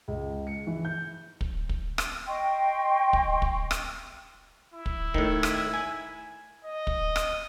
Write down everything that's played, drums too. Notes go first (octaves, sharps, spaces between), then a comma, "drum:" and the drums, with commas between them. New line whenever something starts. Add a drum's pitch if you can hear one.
C#2
C#7
E3
G6
drum: kick
drum: kick
drum: rim click
D#5 G5 C6 C#6
drum: kick
drum: kick
drum: rim click
E4
drum: kick
A2 D#3, drum: kick
drum: rim click
G#5
D#5
drum: kick
drum: rim click